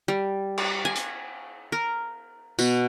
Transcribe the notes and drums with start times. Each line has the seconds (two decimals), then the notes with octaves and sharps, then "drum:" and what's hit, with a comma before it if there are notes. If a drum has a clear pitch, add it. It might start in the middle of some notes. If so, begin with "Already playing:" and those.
0.08 G3
0.57 drum: cymbal
0.85 G#5
0.95 drum: hi-hat
1.72 A#4
2.59 B2, drum: tambourine